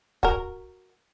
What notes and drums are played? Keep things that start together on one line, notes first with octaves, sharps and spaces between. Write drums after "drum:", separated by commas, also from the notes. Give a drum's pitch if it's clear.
F#4 A#4, drum: kick